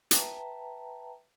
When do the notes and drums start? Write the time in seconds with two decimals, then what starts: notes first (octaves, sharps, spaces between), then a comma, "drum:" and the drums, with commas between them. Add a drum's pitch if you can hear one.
0.11 B4 E5 G5 A5 A#5, drum: hi-hat